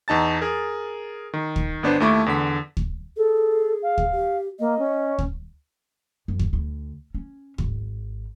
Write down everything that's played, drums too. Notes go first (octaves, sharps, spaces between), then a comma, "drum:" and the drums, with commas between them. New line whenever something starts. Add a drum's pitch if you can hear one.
E2 D#4 A5 A6
G#4 A#4
D#3
drum: kick D2
G1 B3 D4 B4 C5
D#2 A3 E4 C#6 D6
E2 D3 B6
drum: kick D2
G#4 A4
F5
drum: kick D2
G4
A#3 D#5
C#4
drum: kick D2
F#2
drum: kick D2
D2
C#4
G#1, drum: kick D2